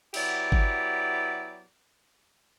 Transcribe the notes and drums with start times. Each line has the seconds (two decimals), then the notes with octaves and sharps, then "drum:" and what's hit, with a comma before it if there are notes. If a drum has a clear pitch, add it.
0.14 F#3 B3 E4 G4 D5, drum: cymbal
0.52 drum: kick G1